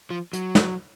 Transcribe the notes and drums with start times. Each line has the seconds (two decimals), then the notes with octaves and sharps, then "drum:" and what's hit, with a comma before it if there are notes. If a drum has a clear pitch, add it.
0.10 F3
0.33 F#3, drum: hi-hat
0.55 drum: snare